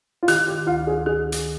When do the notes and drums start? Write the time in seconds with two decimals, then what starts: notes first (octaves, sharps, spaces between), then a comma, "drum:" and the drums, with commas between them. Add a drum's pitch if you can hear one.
0.23 F4
0.28 D#3 G4, drum: hi-hat
0.48 G4
0.67 D2 F4
0.87 G#4
1.06 D#3 G#4
1.32 drum: hi-hat